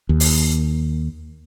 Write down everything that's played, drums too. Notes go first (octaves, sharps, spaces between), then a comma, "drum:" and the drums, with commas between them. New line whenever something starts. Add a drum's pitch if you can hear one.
D#2
drum: open hi-hat